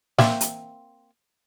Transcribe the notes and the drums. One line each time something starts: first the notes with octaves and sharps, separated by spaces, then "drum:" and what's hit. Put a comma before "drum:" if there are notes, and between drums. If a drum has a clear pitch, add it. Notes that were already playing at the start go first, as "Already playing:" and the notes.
A#3 C4 E5, drum: snare
drum: hi-hat